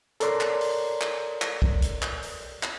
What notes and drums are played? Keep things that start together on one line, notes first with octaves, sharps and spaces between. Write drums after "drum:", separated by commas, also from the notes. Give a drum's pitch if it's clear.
A4 A#4 C#5 D5 A#5 C6, drum: hi-hat
drum: clap
drum: open hi-hat
drum: clap
drum: clap
drum: kick
drum: hi-hat
drum: clap
drum: open hi-hat
drum: clap